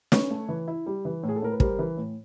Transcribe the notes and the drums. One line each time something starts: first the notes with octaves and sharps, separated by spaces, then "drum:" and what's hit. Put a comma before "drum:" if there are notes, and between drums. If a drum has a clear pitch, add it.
C#4 B4 C#5, drum: snare
A3
E3
E4
G3
E3
A2
G#4
A4
A2 A#4
B4
G3 A#4 C5, drum: kick
E3
A2